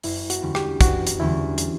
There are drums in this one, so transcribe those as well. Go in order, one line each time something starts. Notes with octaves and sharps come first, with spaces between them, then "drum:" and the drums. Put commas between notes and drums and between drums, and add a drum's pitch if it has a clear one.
F#1 E4, drum: open hi-hat
F#4, drum: hi-hat
E2 D3 G3 C#4
G4, drum: rim click
F#1 F#4, drum: kick, hi-hat
drum: hi-hat
E2 D3 G3 C#4 E4
drum: hi-hat